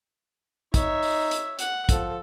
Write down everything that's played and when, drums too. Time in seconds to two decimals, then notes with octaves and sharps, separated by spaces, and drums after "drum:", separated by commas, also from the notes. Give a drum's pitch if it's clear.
0.74 D#4 C#5 E5, drum: kick, hi-hat
1.03 drum: open hi-hat
1.31 drum: hi-hat
1.59 F#5, drum: hi-hat
1.89 F3 A4, drum: kick, hi-hat